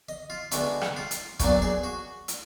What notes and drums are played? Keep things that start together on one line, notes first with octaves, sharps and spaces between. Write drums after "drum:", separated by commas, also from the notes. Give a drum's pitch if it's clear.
D#5
F4
D2 D3 G#3 B3 F#4, drum: hi-hat
drum: rim click
F4
drum: hi-hat
B1 A#2 F#3 D4 F#4, drum: kick, hi-hat
G#4
F#4
drum: hi-hat